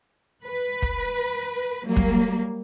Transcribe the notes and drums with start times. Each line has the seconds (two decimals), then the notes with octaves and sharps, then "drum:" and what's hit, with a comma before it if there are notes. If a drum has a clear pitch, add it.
0.44 B4
0.82 drum: kick
1.85 F#3 G3 A#3
1.96 drum: kick